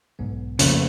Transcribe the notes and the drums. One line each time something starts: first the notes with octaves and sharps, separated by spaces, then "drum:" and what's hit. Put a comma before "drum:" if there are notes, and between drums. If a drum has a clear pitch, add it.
B1 G#2 B3
F2 C#3 F3 A3 A#3 C#5, drum: hi-hat